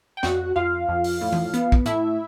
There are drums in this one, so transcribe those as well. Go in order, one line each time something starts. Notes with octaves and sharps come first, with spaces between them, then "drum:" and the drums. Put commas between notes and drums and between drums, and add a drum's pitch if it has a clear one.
G5
F2 F#4 F#5, drum: snare
F2 F4 F5
F2
drum: open hi-hat
A2
drum: tom
B3, drum: hi-hat
drum: kick
A2 E4 E5, drum: hi-hat